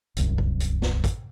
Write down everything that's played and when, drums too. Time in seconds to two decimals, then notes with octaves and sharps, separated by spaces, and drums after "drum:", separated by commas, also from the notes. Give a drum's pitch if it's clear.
0.16 D1 C2 F#2, drum: hi-hat
0.38 drum: kick
0.60 drum: hi-hat
0.82 drum: snare
1.04 drum: kick, hi-hat